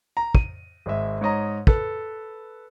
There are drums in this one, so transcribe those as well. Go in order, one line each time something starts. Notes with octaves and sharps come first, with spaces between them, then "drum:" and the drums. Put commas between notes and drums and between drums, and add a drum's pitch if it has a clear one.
A#5
D#7, drum: kick
G#1 G#3 E5
G#2 C#5 D#5 A#5
A4 B4, drum: kick